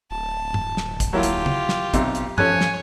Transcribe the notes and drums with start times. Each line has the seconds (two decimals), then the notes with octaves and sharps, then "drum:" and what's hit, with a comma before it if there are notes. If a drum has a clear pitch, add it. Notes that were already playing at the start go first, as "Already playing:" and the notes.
0.11 D1 A5
0.54 drum: tom G2
0.77 drum: snare
1.00 drum: kick, hi-hat
1.13 F#3 A#3 E4 F4 G4
1.23 drum: hi-hat
1.46 drum: tom
1.69 drum: snare
1.94 B1 C3, drum: kick, hi-hat
2.15 drum: hi-hat
2.38 F3 C#4 A4 C#5 G#5 F#6, drum: tom G2
2.61 drum: snare